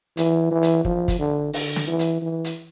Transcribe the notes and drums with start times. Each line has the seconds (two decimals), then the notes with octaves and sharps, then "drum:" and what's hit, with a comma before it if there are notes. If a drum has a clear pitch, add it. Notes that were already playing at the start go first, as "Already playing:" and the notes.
0.17 E3, drum: hi-hat
0.51 E3
0.63 drum: hi-hat
0.85 F3, drum: kick
1.08 drum: kick, hi-hat
1.19 D3
1.53 D3, drum: open hi-hat
1.76 drum: snare
1.87 E3
1.99 drum: hi-hat
2.22 E3
2.44 drum: hi-hat